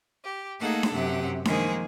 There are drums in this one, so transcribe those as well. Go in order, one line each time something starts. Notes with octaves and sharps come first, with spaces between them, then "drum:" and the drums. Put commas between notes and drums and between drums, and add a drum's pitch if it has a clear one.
G4
A3 A#3 D#4 G#4 A4 F#5
drum: snare D4
F#2 C3 F#3 G4 F#5
D#3 F3 G#3 A#3 G#4 C5, drum: snare D4